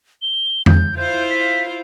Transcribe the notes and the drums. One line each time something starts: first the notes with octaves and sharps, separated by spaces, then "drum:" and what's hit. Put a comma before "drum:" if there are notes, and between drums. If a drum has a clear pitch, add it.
G7
G6, drum: tom F2
E4 F4 C5 G6
B6